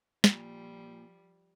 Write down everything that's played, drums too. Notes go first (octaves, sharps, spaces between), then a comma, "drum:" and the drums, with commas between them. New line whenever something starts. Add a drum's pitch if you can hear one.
A#2 F3 G3, drum: snare